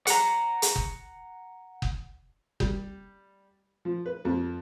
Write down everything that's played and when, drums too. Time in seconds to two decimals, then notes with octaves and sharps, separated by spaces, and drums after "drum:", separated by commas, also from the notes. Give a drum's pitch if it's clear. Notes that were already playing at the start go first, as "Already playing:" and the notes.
0.07 F#5 A#5, drum: hi-hat
0.62 drum: hi-hat
0.76 drum: kick F#1
1.82 drum: kick F#1
2.60 G3, drum: kick F#1
3.85 F3
4.06 B4
4.25 F2